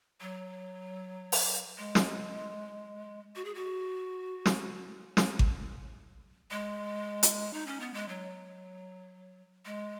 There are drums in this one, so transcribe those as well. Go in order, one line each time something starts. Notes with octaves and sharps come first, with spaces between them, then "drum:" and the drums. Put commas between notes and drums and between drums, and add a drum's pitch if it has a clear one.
F#3
drum: open hi-hat
G#3
drum: snare
F#4
G#4
F#4
drum: snare
drum: snare
drum: kick G#1
G#3
drum: hi-hat
D#4
C#4
B3
G#3
F#3
G#3